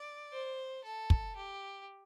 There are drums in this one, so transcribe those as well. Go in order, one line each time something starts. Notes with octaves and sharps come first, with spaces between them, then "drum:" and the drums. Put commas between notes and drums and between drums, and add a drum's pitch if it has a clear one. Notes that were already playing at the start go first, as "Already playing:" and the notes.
Already playing: D5
C5
A4
drum: kick
G4